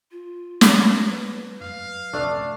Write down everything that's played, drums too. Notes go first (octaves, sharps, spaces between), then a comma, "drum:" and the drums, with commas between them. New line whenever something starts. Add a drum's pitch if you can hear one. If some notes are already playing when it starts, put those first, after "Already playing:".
F4
drum: snare
B4
F#2 F5
C2 C3 A3 D4 D5